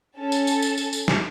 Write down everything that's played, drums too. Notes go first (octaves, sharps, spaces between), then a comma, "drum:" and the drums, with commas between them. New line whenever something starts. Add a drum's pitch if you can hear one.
C#4 A4 A5
drum: tambourine
drum: tambourine
drum: tambourine
drum: tambourine
drum: tambourine
drum: snare